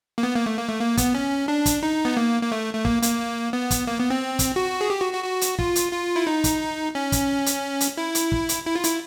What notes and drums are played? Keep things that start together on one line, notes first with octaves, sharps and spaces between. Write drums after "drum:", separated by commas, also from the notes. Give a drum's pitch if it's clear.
A#3
B3
A#3
A3
A#3
A3
A#3
B3, drum: kick, hi-hat
C#4
D4
drum: kick, hi-hat
D#4
B3
A#3
A#3
A3
A3
A#3, drum: kick
A#3, drum: hi-hat
B3
drum: kick, hi-hat
A#3
B3
C4
drum: kick, hi-hat
F#4
G#4
G4
F#4
F#4
F#4
drum: hi-hat
F4, drum: kick
drum: hi-hat
F4
E4
D#4
drum: kick, hi-hat
C#4
drum: kick, hi-hat
drum: hi-hat
drum: hi-hat
E4
drum: hi-hat
drum: kick
drum: hi-hat
E4
F4
E4, drum: hi-hat